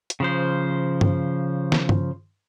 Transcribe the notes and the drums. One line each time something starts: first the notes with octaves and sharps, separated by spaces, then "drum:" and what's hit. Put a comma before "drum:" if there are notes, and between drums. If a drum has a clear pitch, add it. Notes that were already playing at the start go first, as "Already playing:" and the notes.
drum: hi-hat
C#3 F3 C5
drum: tom G2
drum: snare
drum: tom G2